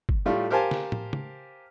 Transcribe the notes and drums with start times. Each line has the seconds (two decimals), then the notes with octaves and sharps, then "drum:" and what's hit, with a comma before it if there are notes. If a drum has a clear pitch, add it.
0.09 drum: kick
0.26 A2 G3 A3 F4
0.50 G4 A#4 C5 F5 G#5 A5
0.71 drum: snare
0.92 drum: tom
1.13 drum: tom